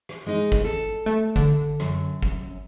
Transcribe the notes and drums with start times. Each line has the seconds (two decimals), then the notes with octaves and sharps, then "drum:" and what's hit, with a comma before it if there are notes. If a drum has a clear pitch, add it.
0.09 drum: rim click
0.26 G#3 D#4
0.52 drum: kick
0.64 A4
1.06 A3
1.36 D3, drum: kick
1.80 F#2, drum: rim click
2.22 drum: kick